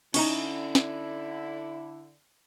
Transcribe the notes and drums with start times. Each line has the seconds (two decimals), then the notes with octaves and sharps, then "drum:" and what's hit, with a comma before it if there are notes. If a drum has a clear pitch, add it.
0.14 D3 C#4 D#4 E4 A#5, drum: cymbal
0.75 drum: snare